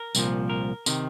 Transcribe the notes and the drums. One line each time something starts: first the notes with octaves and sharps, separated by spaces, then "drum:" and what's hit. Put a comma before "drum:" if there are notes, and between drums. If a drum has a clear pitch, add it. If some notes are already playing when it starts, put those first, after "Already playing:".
Already playing: A#4
C2 A#2 F3, drum: tambourine
A#4
C3 D#3, drum: tambourine